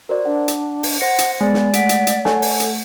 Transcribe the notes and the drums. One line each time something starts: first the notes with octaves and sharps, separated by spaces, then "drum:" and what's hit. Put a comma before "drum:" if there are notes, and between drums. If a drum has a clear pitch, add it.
F#4 A#4 C5 D5
D4 F#5
drum: hi-hat
drum: open hi-hat
C5 F#5 A#6 C#7
drum: hi-hat
G#3 B3 D5
drum: snare
A3 F#5 B6 D7, drum: hi-hat
drum: hi-hat
drum: hi-hat
A3 A4 C#5 F#5 G#5, drum: snare
drum: open hi-hat
drum: hi-hat